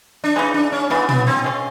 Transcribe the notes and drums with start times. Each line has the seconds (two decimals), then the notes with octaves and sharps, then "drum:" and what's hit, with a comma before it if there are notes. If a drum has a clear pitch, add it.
0.24 D4
0.36 C#3 E3 G#3 D#4
0.54 D4
0.72 C#4
0.90 C#3 E3 G#3 B3
1.09 B3, drum: tom
1.27 C4
1.44 G#3 C#4 F4